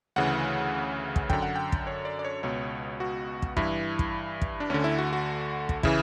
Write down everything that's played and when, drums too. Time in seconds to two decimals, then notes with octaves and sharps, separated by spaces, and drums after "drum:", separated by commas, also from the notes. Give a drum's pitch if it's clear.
0.16 D2 C#3 E3 F#5
1.16 drum: kick
1.30 F#2 D3 G5, drum: kick
1.42 F#5
1.56 G5
1.72 drum: kick
1.87 C#5
2.05 D5
2.19 D5
2.25 C#5
2.43 C#2 B2 C#5
3.00 F#4
3.42 drum: kick
3.57 G2 E3 E4, drum: kick
3.99 drum: kick
4.42 drum: kick
4.60 D4
4.70 D2 D3 C#4
4.84 E4
4.98 F#4
5.13 F#4
5.69 drum: kick
5.83 C#3 E3 E4, drum: kick